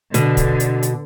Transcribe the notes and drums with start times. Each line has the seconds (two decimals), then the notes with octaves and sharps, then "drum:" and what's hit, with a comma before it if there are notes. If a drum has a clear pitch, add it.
0.14 B2 D3, drum: hi-hat
0.37 drum: kick, hi-hat
0.60 drum: hi-hat
0.83 drum: hi-hat